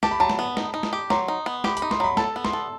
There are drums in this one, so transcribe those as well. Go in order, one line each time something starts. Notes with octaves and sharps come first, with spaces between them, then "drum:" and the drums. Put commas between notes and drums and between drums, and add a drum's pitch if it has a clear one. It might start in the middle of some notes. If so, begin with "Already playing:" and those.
G4 A5, drum: snare
B5
F#3 A5
drum: snare
B3
D#4, drum: snare
D#4
drum: snare
G4
F#3 C6, drum: snare
D#4
B3
G4 B5, drum: snare
B5, drum: hi-hat
D#4
C6, drum: snare
F#3 B5
A4 A5, drum: snare
B3
C6, drum: snare
A4